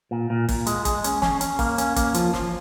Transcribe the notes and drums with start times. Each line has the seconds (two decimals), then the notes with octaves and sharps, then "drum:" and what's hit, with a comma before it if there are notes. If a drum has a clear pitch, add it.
0.11 A#2
0.30 A#2
0.49 A#2, drum: kick, open hi-hat
0.67 G#3, drum: hi-hat
0.85 G#3, drum: kick, hi-hat
1.04 C#4, drum: hi-hat
1.22 C#4, drum: snare
1.41 C#4, drum: hi-hat
1.59 A#3, drum: kick, open hi-hat
1.78 C#4, drum: hi-hat
1.96 A#3, drum: kick, hi-hat
2.14 F3, drum: hi-hat
2.33 F3, drum: snare